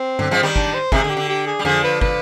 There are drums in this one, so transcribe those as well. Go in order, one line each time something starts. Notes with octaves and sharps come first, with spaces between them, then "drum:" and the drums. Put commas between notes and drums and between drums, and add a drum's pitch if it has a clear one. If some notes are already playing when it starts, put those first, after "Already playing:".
Already playing: C4
D3, drum: tom G2
F3 G#3
D#3 G3
D4, drum: kick
C5
C3 D#3 G#4, drum: kick
D3
G4
D3
G4
G#4
G3
D3 F3 G#4, drum: tom F2
B4
B4, drum: kick